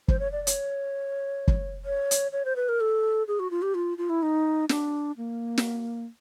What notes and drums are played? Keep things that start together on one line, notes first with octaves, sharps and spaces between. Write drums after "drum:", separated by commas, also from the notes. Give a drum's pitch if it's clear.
C5, drum: kick
C#5
D5
D5
C#5, drum: hi-hat
drum: kick
C#5
drum: hi-hat
C#5
C5
B4
A#4
A4
G#4
F#4
F4
G4
F4
F4
E4
D#4
D4, drum: snare
A#3
drum: snare